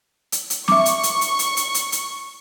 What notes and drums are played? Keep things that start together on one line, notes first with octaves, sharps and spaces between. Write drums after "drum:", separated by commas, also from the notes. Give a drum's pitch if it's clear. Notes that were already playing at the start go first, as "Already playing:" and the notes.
drum: hi-hat
drum: hi-hat
E5 C#6 D6, drum: snare C4
drum: hi-hat
drum: hi-hat
drum: hi-hat
drum: hi-hat
drum: hi-hat
drum: hi-hat
drum: hi-hat